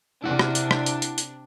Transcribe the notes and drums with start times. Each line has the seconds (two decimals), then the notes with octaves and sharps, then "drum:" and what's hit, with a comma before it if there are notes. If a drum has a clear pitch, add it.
0.24 C3 D4 E4 F#5
0.39 drum: rim click
0.55 drum: hi-hat
0.71 drum: rim click
0.86 drum: hi-hat
1.02 drum: hi-hat
1.18 drum: hi-hat